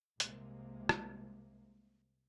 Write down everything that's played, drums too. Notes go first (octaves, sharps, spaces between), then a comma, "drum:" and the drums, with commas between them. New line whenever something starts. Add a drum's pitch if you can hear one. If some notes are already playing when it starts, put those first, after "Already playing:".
C2 C3 G#3 A#3, drum: hi-hat
drum: rim click